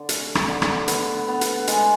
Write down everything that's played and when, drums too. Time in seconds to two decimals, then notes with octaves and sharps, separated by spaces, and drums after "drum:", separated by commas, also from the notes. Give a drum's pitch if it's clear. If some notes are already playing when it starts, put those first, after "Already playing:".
Already playing: D3
0.09 A3, drum: hi-hat
0.35 drum: rim click
0.48 D3
0.62 drum: rim click
0.88 B3, drum: hi-hat
1.28 B3
1.41 drum: hi-hat
1.67 G#3, drum: hi-hat